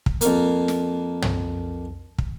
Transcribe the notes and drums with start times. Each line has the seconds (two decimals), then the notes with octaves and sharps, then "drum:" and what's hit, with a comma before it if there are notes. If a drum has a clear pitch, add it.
0.06 drum: kick
0.21 F2 A#3, drum: hi-hat
0.68 drum: snare
1.22 drum: tom
2.18 drum: kick